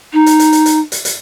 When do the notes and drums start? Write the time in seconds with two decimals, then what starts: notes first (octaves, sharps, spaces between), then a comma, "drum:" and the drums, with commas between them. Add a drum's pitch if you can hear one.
0.13 D#4
0.26 drum: hi-hat
0.39 drum: hi-hat
0.53 drum: hi-hat
0.66 drum: hi-hat
0.92 drum: hi-hat
1.05 drum: hi-hat